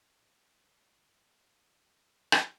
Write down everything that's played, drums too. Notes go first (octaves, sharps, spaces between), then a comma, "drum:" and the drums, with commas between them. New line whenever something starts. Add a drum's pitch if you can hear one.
C#3 G5
G#3 A#5
A3 E4
A#3 A#4
D#3 F3 D4 B4
drum: rim click